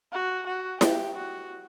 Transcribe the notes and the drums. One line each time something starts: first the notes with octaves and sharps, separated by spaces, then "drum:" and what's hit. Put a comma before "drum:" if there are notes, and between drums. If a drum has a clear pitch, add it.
F#4
F#4
G4, drum: snare E4
F#4